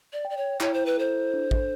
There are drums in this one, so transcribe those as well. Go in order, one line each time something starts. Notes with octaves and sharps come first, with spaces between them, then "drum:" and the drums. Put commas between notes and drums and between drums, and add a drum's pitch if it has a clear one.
D5
G5
D5
C#5
E4 C#5, drum: clap
C5
B4
A4 C5
D4
drum: kick A1